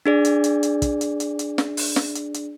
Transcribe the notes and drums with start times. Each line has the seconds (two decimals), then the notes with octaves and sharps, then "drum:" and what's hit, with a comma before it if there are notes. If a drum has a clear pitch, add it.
0.06 D4 G#4 D5
0.25 drum: hi-hat
0.44 drum: hi-hat
0.63 drum: hi-hat
0.82 drum: kick, hi-hat
1.01 drum: hi-hat
1.20 drum: hi-hat
1.39 drum: hi-hat
1.58 drum: snare
1.77 drum: open hi-hat
1.96 drum: snare
2.15 drum: hi-hat
2.34 drum: hi-hat